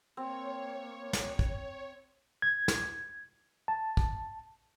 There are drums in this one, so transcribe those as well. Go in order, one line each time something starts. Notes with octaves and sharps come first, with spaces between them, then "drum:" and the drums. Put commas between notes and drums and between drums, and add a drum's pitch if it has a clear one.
A#3 C4 C#5
drum: snare
drum: kick
G#6
drum: snare
A5
drum: kick